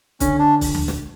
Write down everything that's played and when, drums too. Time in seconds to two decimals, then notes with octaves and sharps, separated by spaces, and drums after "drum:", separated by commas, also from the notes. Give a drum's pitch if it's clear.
0.20 D3 C#4, drum: kick, hi-hat
0.39 D4
0.61 drum: kick, open hi-hat
0.75 drum: tom D2
0.88 drum: snare